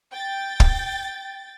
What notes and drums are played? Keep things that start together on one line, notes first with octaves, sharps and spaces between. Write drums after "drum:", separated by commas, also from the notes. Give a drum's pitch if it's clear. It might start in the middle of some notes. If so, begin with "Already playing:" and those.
G5 A6
drum: kick